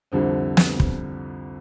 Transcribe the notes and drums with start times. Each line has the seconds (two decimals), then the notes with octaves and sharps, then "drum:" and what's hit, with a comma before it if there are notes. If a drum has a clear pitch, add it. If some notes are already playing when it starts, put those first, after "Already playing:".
0.12 C2 F2 D3 C4
0.57 drum: snare
0.80 drum: kick